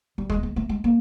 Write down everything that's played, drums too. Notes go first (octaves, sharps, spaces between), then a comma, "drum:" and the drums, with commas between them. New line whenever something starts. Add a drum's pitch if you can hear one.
G3
G#3, drum: kick
G#3
A3
G#3
A#3